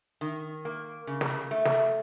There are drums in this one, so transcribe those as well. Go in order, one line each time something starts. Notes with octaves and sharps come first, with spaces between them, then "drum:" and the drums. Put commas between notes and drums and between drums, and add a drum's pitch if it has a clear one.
D#3
A#3
C#3
drum: snare
A3
drum: snare